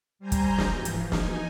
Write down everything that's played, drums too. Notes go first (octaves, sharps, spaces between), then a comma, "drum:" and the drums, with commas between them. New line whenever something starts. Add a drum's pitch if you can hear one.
G3 C5 G#5 A#5 G6
drum: kick, hi-hat
drum: snare
G#2 E3 F3
drum: hi-hat
D#4 G#5, drum: snare